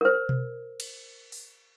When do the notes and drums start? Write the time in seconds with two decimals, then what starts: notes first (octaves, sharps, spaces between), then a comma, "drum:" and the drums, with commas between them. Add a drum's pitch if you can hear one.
0.01 A#4 C5
0.29 drum: tom B2
0.80 drum: cymbal
1.32 drum: open hi-hat